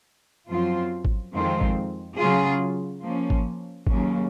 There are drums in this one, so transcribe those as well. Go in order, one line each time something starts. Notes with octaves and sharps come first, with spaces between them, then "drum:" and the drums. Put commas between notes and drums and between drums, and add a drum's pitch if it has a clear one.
F#2 F3 C4 F4
drum: kick G#1
F2 D#3 G#3 C4 F4
drum: kick G#1
C#3 F#3 C#4 F4 G#4
F3 A#3 C#4
drum: kick G#1
D#2 C#3 F#3 A#3 C#4, drum: kick G#1